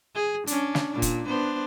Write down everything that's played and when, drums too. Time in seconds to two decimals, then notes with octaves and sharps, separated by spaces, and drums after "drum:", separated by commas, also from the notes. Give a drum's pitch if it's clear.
0.15 G#4
0.47 C#4 D4, drum: hi-hat
0.75 drum: snare
0.90 A#2 D4
1.02 drum: kick, hi-hat
1.26 B3 D4 C5